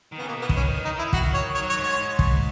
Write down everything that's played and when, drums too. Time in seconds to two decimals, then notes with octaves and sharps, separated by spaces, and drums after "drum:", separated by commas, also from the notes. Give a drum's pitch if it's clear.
0.12 D#3
0.18 C#3 B3
0.28 B2 A#3
0.42 B3
0.49 D#3, drum: kick
0.57 C#4
0.85 D#4
0.99 E4
1.13 D#3 F#4, drum: kick
1.34 C#5
1.55 F#3 C#5
1.70 C#5
1.77 G#2
1.83 C#5
1.98 G#2
2.19 drum: kick